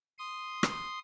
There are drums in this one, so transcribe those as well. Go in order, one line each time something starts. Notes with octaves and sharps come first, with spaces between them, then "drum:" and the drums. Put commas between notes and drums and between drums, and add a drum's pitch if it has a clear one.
C6 D#6
drum: rim click